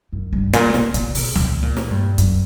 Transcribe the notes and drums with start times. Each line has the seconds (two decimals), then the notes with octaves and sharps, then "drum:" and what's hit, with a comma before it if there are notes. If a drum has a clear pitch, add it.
0.13 F#2
0.33 G2
0.53 A#2, drum: hi-hat
0.74 B2, drum: snare
0.94 A#2, drum: hi-hat
1.15 B2, drum: open hi-hat
1.35 B2, drum: tom C#2
1.62 A#2
1.77 drum: snare
1.91 G2
2.18 F#2, drum: hi-hat